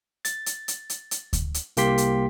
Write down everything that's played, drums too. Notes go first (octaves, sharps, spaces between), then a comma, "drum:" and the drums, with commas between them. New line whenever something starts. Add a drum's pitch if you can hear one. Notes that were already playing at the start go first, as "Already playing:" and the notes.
A6, drum: hi-hat
drum: hi-hat
drum: hi-hat
drum: hi-hat
drum: hi-hat
drum: kick D2, hi-hat
drum: hi-hat
C2 A#3 G4 G5 C6 B6, drum: hi-hat
drum: hi-hat